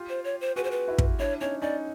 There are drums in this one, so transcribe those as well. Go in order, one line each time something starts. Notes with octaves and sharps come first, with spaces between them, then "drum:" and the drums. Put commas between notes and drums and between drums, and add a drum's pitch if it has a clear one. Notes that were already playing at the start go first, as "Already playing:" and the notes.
Already playing: F4 G4
C5
C#5
C5
F#4 G#4 B4
C5
B4
E4 F#4
drum: kick
D4 E4 C#5
C#4 D#4 C#5
C#4 D#4 D5